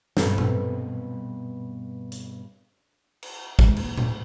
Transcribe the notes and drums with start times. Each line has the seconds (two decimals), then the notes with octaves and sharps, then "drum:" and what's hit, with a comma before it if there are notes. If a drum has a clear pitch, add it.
0.17 G2 B2 C4 A4, drum: snare
0.38 drum: tom A#2
2.12 drum: hi-hat
3.23 drum: cymbal
3.59 D2 G#3, drum: kick
3.76 D#2, drum: cymbal
3.97 A2, drum: tom A#2